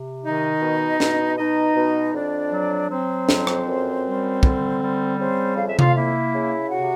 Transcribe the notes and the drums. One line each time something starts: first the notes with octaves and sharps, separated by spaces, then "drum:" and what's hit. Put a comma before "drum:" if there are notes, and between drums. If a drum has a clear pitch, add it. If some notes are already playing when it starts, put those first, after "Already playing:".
Already playing: C3
D#3 D#4 D#5
B2
B2, drum: snare
B2 D#4 D#5
B2
F2 D4 D5
F#3
F#3 C4 C5
F2, drum: snare
drum: rim click
F#2
G3
D3, drum: kick
G3
C#3 C4 C5
F2 F5
E5
F4 F5, drum: tom C3
A#3 E4 E5
C#3
C3 F#4 F#5